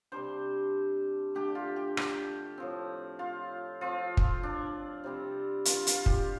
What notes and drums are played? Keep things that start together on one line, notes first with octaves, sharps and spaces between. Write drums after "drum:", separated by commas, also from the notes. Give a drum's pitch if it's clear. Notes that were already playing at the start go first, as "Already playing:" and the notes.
C3 G3 D4 C5
D3 A3 D4 G4
F4
G4
G4, drum: rim click
A2 F3 C4
F4
F3 C4 F4
drum: kick
D4
C3 G3 C4
F4, drum: hi-hat
F4, drum: hi-hat
G4, drum: kick